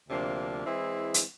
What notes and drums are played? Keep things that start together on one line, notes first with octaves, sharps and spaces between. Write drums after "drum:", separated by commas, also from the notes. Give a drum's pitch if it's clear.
D2 C3 F3 A#3 D4
E3 G#3 C4 E4 G#4
drum: hi-hat